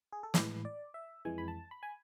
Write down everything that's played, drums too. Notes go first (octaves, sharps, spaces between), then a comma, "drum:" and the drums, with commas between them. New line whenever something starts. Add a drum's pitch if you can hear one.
G#4
A4
A2 E3 G#3 B4, drum: snare
D5
E5
F2 E3 G#3 G#5
B5
A5
B5
G#5